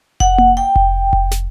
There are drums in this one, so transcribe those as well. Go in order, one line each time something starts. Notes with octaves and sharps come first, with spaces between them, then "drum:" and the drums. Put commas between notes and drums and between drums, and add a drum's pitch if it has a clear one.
F#5, drum: kick F1
drum: tom A#3
G5
drum: kick F1
drum: kick F1
drum: snare